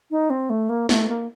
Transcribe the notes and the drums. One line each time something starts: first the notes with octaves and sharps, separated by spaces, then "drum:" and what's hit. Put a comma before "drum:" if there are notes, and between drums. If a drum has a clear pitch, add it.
D#4
C4
A3
A#3
A3, drum: snare
A#3